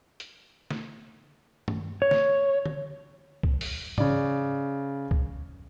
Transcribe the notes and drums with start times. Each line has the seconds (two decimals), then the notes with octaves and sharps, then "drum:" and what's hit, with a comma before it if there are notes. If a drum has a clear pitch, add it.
0.20 drum: hi-hat
0.71 drum: snare
1.68 drum: tom
2.02 C#5
2.11 drum: snare
2.66 drum: tom D3
3.43 drum: kick B1
3.61 drum: open hi-hat
3.98 C#3 D5, drum: tom G#2
5.11 drum: kick B1